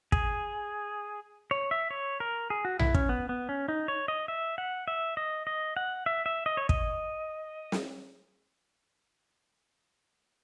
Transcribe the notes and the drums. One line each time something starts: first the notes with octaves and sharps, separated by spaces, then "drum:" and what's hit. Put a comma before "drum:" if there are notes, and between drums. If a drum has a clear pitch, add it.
G#4, drum: kick
C#5
E5
C#5
A#4
G#4
F#4
E4, drum: tom B1
C#4, drum: kick
B3
B3
C#4
D#4
C#5
D#5
E5
F#5
E5
D#5
D#5
F#5
E5
E5
D#5
C#5
D#5, drum: kick
drum: snare